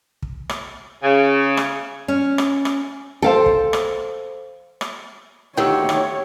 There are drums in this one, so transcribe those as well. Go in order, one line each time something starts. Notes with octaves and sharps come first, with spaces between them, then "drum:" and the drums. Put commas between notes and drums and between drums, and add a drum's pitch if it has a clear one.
drum: kick
drum: rim click
C#3
drum: rim click
C#4
drum: rim click
drum: rim click
A4 C5 F5 G5
drum: kick
drum: rim click
drum: rim click
D2 D#3 G4 C#5 G5 E6
drum: rim click